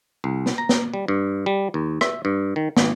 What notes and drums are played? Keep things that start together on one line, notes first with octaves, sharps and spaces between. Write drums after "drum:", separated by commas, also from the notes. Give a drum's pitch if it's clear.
C2
drum: snare
A#5
drum: snare
G3
G2
G3
D#2
E5, drum: rim click
G2
D#3
G#1, drum: snare